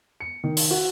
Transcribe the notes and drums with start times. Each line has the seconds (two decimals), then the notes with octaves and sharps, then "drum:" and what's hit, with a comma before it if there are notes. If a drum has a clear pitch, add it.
0.20 C#7
0.44 D#3
0.57 drum: open hi-hat
0.71 F#4